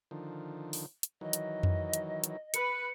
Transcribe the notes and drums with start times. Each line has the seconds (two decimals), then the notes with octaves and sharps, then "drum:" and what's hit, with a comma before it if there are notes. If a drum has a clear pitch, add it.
0.11 D3 D#3 F3
0.73 drum: open hi-hat
1.03 drum: hi-hat
1.21 D#3 E3 F#3 D#5
1.33 drum: hi-hat
1.63 drum: tom F2
1.94 drum: hi-hat
2.24 drum: hi-hat
2.54 B4 C#7, drum: hi-hat